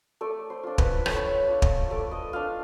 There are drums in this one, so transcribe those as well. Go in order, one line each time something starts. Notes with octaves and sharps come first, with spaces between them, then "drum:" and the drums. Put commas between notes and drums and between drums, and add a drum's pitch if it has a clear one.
A3 D5
C5
D4 F4
B4, drum: kick
A3 C#5, drum: rim click
D4 F4
drum: kick
A3 D5
D#5
D4 F4 F5